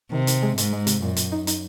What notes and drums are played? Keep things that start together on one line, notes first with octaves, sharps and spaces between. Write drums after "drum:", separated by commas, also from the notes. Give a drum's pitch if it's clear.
C3 D#3
D#3, drum: hi-hat
G#3
G#2 G#3, drum: hi-hat
G#3
C3, drum: hi-hat
F#2 A#2
A#2, drum: hi-hat
D#4
D#4, drum: hi-hat